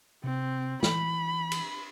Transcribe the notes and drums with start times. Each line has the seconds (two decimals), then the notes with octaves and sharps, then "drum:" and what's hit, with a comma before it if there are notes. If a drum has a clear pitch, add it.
0.24 C3 C4
0.83 E3 B5, drum: snare
1.52 drum: cymbal